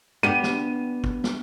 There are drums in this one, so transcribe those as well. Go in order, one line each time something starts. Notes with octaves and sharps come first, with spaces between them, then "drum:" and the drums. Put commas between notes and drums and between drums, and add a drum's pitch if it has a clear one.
B3 D4 G4 D#7
drum: snare
drum: kick
drum: snare